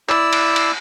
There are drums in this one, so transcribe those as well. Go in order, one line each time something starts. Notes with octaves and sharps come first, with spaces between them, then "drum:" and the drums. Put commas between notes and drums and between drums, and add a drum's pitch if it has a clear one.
E4 D5 E6, drum: clap
drum: cymbal
drum: cymbal